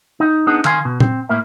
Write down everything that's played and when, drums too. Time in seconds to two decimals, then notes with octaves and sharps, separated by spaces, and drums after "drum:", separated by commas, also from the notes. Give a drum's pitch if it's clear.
0.20 D#4
0.47 B3 D4 D#4 G#4
0.65 D#3 F5 G#5 C6, drum: clap
0.85 B2
1.00 C4, drum: tom A#2
1.29 A2 A#3 A#4 E5